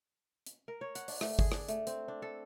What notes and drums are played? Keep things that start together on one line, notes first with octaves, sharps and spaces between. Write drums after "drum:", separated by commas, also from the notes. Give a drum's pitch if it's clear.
drum: hi-hat
A#4
C#5
F#5, drum: hi-hat
D4, drum: open hi-hat
A3, drum: rim click
G#4, drum: kick G1
D4, drum: rim click
A3, drum: hi-hat
C4, drum: hi-hat
D4
A4